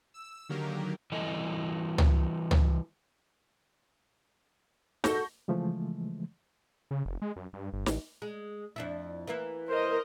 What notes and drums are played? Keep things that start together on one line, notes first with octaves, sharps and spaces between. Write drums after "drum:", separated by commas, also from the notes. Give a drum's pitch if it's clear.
E6
D3 D#3 F#3 A#3 G4 A#4
E3 G3 A4 D#5 G#5
drum: tom
drum: tom
F#4 A4 C#6 G6 A#6, drum: snare
C#3 E3 F3 G#3 A3
C#3
F1
G#3
F#2
G2
G1
A1, drum: snare
G#3
F2 D4 E4
E3 A#3 E4
A#4 C5 D#5